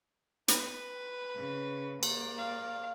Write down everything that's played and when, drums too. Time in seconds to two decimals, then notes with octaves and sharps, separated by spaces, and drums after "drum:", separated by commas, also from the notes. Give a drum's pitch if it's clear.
0.48 B4, drum: hi-hat
1.36 C#3
2.03 A#3 D5, drum: cymbal
2.38 F5